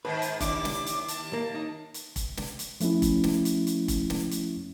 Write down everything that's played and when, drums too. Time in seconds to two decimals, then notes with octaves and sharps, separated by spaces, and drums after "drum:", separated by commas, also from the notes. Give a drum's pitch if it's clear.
0.05 G#2 D#3 B4
0.22 drum: hi-hat
0.40 D#2 D4 E4 D6, drum: kick, hi-hat
0.65 drum: snare
0.86 drum: hi-hat
1.08 A5, drum: hi-hat
1.33 A#3
1.55 D#4
1.94 drum: hi-hat
2.16 drum: kick, hi-hat
2.37 drum: snare
2.59 drum: hi-hat
2.80 F3 A3 B3 C#4 E4, drum: hi-hat
3.02 drum: kick, hi-hat
3.24 drum: snare
3.45 drum: hi-hat
3.67 drum: hi-hat
3.88 drum: kick, hi-hat
4.10 drum: snare
4.31 drum: hi-hat